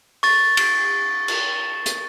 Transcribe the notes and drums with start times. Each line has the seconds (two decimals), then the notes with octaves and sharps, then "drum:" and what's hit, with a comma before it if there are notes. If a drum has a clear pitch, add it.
0.23 C#6 A6, drum: open hi-hat
0.57 drum: cymbal
1.28 drum: cymbal
1.86 drum: hi-hat